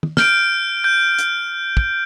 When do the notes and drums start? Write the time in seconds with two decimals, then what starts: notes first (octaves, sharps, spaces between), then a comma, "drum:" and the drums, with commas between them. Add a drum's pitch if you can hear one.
0.03 drum: tom
0.17 F6 G6 D7, drum: snare
0.84 G6
1.19 drum: hi-hat
1.77 drum: kick